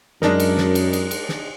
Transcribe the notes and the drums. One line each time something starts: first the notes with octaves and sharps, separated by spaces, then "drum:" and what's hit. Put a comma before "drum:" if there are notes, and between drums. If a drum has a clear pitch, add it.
F#2 G#3 D4 D#4 A#4, drum: snare
drum: cymbal
drum: snare
drum: cymbal
drum: cymbal
drum: cymbal
drum: snare